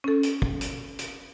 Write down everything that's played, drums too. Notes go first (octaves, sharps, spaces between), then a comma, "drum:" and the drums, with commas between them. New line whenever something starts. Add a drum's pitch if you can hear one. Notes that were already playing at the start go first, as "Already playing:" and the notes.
C#4 A4
drum: hi-hat
drum: kick
drum: hi-hat
drum: hi-hat